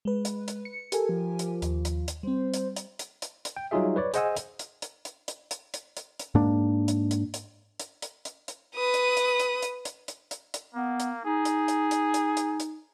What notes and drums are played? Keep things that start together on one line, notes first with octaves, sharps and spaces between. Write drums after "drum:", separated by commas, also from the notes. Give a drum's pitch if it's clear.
G#3 B4
drum: hi-hat
drum: hi-hat
C#7
G4 A4 A#4 G#5, drum: hi-hat
F3
drum: hi-hat
D#2, drum: hi-hat
drum: hi-hat
drum: hi-hat
G3 C4 C5
drum: hi-hat
drum: hi-hat
drum: hi-hat
drum: hi-hat
drum: hi-hat
G5
F#3 G3 D#4 F4 G#4 E5
B4 C#5 D5
G#4 C5 D#5 F#5 G#5 E6, drum: hi-hat
drum: hi-hat
drum: hi-hat
drum: hi-hat
drum: hi-hat
drum: hi-hat
drum: hi-hat
drum: hi-hat
drum: hi-hat
drum: hi-hat
G#2 A#3 D4
drum: hi-hat
drum: hi-hat
drum: hi-hat
drum: hi-hat
drum: hi-hat
drum: hi-hat
drum: hi-hat
B4 D#6
drum: hi-hat
drum: hi-hat
drum: hi-hat
drum: hi-hat
drum: hi-hat
drum: hi-hat
drum: hi-hat
drum: hi-hat
A#3 B3
drum: hi-hat
D#4 G#4
drum: hi-hat
drum: hi-hat
drum: hi-hat
drum: hi-hat
drum: hi-hat
drum: hi-hat